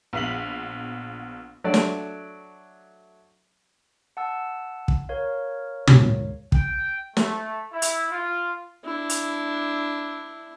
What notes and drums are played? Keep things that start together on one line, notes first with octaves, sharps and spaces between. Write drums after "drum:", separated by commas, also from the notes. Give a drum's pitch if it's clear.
A#1 B3 F5 B6 F#7
F#3 A3 D4 D5
drum: snare
F#5 A5 E6
drum: kick
A#4 C#5 F5
D2 G#2, drum: tom
G5, drum: kick
A3, drum: snare
E4
drum: hi-hat
F4
D4 E4
drum: hi-hat